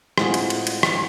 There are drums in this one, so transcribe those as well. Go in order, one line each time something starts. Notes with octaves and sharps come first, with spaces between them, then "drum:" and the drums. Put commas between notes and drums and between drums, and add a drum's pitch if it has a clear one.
A2 G#3 C4 F4 F#4 G#4, drum: rim click
drum: cymbal
drum: cymbal
drum: cymbal
drum: rim click